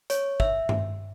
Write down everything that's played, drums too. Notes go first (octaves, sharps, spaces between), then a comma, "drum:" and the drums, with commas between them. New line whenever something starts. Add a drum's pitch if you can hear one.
C#5, drum: hi-hat
E5, drum: kick
drum: tom G2